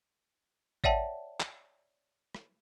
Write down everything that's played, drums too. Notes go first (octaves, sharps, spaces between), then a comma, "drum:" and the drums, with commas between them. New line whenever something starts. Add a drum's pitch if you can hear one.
C#5 D5 E5 F#5 G5 A5, drum: kick G#1
drum: clap
drum: rim click